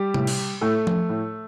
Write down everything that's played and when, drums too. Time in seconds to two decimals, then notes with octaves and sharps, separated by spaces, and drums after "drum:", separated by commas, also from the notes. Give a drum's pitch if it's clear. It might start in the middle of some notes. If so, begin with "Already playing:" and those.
Already playing: G3 G4
0.14 A2, drum: tom C3
0.27 drum: cymbal
0.61 A2 A3 A4
0.87 drum: tom F3
1.09 A2